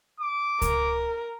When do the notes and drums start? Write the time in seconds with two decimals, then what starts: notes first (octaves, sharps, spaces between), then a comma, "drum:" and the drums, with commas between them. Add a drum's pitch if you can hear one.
0.20 D6
0.62 A#4, drum: kick C#2, hi-hat